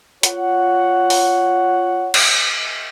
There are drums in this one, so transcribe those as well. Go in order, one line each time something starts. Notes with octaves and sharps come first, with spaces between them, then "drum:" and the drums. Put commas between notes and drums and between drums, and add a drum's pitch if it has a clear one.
F4 C#5 F#5, drum: hi-hat
drum: open hi-hat
drum: cymbal